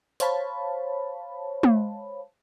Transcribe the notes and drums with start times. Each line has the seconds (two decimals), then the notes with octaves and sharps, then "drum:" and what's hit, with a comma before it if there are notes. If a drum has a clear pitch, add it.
0.20 C5 C#5 F5 A5 B5, drum: hi-hat
1.63 drum: tom